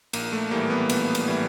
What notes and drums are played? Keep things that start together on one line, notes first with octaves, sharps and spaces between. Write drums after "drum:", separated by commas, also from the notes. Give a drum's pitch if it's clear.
A#1 A#3, drum: cymbal
A3
A2 E3 G3 A#3
B3
A#1 B3, drum: cymbal
drum: cymbal
A2 E3 G3